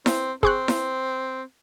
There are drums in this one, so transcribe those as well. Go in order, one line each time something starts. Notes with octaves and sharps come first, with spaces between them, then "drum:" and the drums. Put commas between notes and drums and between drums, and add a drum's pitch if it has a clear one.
C4, drum: snare E4
C4 G#4 C#6 F#6, drum: kick
drum: snare E4